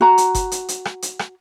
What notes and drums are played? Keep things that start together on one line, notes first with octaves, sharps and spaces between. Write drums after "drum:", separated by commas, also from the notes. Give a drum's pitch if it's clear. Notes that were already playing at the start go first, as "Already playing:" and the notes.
F#4 A#5
drum: hi-hat
drum: kick F#1, hi-hat
drum: hi-hat
drum: hi-hat
drum: rim click
drum: hi-hat
drum: rim click